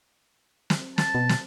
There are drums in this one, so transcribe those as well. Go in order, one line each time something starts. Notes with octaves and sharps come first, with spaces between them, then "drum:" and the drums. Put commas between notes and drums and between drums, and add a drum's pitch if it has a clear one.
drum: snare
A5, drum: snare
B2
drum: snare